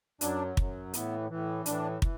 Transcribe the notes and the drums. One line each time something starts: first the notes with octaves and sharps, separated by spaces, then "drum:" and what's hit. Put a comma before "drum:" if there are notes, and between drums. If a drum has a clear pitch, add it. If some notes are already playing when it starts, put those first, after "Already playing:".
F#2 F#3 D4, drum: hi-hat
F#2 F#3, drum: kick
A2 E3 B3, drum: hi-hat
A2 E3
A2 E3 D4, drum: hi-hat
E3, drum: kick